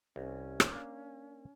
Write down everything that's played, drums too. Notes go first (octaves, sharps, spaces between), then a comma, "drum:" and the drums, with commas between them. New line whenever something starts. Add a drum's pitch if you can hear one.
C2 C#4
drum: rim click
A#3 D4 F5